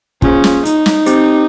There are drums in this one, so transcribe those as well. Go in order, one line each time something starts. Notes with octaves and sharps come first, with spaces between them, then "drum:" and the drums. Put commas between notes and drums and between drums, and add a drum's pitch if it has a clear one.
A#3 C#4 F4 G#4 C5, drum: kick
drum: snare
D#4, drum: hi-hat
drum: snare
C4 G4 C5, drum: hi-hat